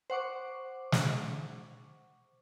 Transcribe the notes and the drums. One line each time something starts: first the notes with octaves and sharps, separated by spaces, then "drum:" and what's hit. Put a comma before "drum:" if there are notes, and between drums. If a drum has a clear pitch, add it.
C5 F#5 C#6 D6
drum: snare